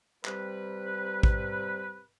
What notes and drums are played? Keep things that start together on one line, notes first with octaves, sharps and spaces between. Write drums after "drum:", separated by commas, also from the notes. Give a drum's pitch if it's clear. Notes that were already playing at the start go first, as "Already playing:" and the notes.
C3 G3 B4, drum: clap
drum: kick